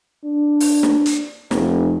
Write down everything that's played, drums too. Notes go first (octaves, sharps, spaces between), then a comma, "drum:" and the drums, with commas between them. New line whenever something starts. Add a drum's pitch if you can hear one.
D4
drum: open hi-hat
drum: snare
drum: hi-hat
F1, drum: snare